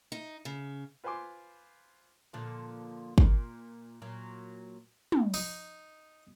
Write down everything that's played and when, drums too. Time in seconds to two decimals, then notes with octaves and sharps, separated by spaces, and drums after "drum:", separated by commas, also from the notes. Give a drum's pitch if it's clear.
0.12 D#4
0.45 C#3
1.04 F4 B4 C5 G#5 C6 D6
2.33 A#2 D3 F3
3.18 A#2, drum: kick
4.02 A#2 F#3
5.12 drum: tom
5.34 D#4, drum: open hi-hat